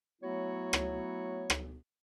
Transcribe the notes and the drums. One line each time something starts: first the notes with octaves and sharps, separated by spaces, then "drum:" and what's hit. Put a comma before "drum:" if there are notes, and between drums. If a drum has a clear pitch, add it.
F#3 A3 B3 E4 F#4 C#5
drum: rim click
drum: rim click